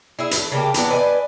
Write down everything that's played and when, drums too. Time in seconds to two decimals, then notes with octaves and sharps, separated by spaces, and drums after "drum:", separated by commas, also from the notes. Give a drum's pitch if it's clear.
0.19 E4 G#4 E5
0.31 E3 A3, drum: hi-hat
0.52 C#3 A3 A#3 G4
0.74 E3 F#3 B3 D4, drum: hi-hat
0.91 B4 D5 D#5 G#5